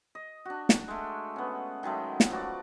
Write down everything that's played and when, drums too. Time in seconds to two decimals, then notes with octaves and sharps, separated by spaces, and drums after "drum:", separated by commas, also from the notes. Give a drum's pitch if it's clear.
0.15 D#5
0.45 D4 F#4
0.69 drum: snare
0.88 G#3 A3
1.36 B3 C#4
1.83 D#3 F#3 G#3 A3
2.20 drum: snare
2.30 F3 F#4 D5